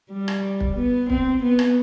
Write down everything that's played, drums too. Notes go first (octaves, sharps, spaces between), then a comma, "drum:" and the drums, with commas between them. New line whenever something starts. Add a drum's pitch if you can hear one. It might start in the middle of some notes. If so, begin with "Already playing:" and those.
G3
drum: rim click
drum: kick
B3
C4, drum: kick
B3
drum: rim click